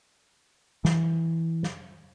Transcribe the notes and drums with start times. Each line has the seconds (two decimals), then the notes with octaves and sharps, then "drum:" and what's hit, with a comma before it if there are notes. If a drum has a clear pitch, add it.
0.85 E3, drum: snare
1.63 drum: snare